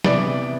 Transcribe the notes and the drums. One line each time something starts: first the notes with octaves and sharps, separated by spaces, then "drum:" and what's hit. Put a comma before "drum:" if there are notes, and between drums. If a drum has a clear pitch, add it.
C3 E3 B3 E4 D5, drum: snare